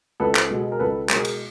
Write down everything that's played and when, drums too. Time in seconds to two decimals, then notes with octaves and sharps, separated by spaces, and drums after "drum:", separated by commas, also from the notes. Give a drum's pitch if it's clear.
0.20 C#2 A4 B4
0.35 drum: clap
0.51 B2 G#3
0.72 A#4
0.79 C#2 A4 B4
1.09 B2 G#3 G#4 A#4, drum: clap
1.25 drum: cymbal